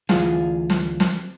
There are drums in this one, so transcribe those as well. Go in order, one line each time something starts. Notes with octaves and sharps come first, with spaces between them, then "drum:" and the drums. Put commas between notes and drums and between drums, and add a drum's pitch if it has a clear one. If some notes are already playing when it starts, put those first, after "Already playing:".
D2 E3 F4 G#4, drum: snare
drum: snare
drum: snare